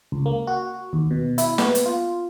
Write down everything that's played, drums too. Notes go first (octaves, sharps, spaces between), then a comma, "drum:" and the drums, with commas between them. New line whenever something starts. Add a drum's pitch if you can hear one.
C#2
A#3
F#4
D#2
B2
E4, drum: hi-hat
B3, drum: snare
drum: hi-hat
F4